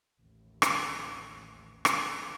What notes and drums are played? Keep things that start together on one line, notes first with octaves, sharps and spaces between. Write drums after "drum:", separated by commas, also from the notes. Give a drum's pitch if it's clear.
A1 D#2
drum: rim click
drum: rim click